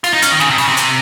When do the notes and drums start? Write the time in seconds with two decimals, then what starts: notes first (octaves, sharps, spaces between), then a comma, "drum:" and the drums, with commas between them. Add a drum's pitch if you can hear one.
0.04 F4, drum: open hi-hat
0.13 D#4
0.22 C#4, drum: hi-hat
0.31 D#3
0.40 C#3, drum: snare
0.50 C3
0.58 C#3, drum: open hi-hat
0.68 C3
0.77 drum: hi-hat